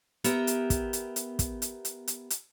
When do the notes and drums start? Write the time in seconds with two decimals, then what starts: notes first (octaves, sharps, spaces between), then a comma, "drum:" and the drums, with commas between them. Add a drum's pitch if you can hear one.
0.24 B3 G4 A#4 E5, drum: hi-hat
0.47 drum: hi-hat
0.70 drum: kick, hi-hat
0.93 drum: hi-hat
1.16 drum: hi-hat
1.39 drum: kick, hi-hat
1.62 drum: hi-hat
1.85 drum: hi-hat
2.08 drum: hi-hat
2.30 drum: hi-hat